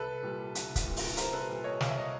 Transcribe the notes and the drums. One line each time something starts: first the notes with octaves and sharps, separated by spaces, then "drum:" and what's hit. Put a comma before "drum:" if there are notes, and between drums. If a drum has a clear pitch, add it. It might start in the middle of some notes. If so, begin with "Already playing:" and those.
Already playing: C2 A4 B4
A#2 G3
C2, drum: hi-hat
drum: kick C#1, hi-hat
A#2 G3
drum: open hi-hat
C2 A#4 C5, drum: hi-hat
A4 B4
A#2 G3
C#5 D#5
C2 F5, drum: snare
E5
D#5